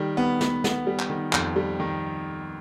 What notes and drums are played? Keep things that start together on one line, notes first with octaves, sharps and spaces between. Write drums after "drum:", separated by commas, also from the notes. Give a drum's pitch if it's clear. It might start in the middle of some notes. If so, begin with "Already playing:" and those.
Already playing: D#3 G3
B3
B3, drum: snare
B3, drum: snare
G3
drum: clap
D#3
F2, drum: clap
G3
D#3